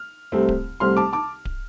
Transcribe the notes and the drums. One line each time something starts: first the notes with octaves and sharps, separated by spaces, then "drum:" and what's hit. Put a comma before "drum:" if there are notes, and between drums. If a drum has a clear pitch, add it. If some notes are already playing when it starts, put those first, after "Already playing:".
Already playing: F6
C2 C3 A3 C4
drum: kick D1
C2 C3 A3 C4 C6 F6
A5 D6
A5 D6
drum: kick D1